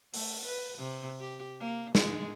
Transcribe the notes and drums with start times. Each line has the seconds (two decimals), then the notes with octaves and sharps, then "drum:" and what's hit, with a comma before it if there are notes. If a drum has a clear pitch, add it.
0.14 A3, drum: open hi-hat
0.45 B4
0.77 C3
1.20 G4
1.59 A#3
1.95 G#3, drum: snare